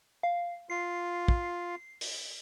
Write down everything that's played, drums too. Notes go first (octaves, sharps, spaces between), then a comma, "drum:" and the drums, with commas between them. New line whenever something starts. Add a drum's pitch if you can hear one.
F5
F4 C7
drum: kick
drum: open hi-hat